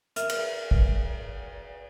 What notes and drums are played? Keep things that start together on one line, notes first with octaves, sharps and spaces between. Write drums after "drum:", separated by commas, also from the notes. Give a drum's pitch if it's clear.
A#4 E5 F6, drum: hi-hat
drum: cymbal
drum: kick